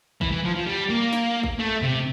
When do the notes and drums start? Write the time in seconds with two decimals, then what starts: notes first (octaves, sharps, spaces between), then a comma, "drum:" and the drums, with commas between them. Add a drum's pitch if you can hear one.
0.21 E3, drum: kick A1
0.31 E3
0.44 F3
0.55 F3
0.67 G3
0.90 A#3
1.13 drum: snare
1.43 drum: kick A1
1.59 A3
1.82 C3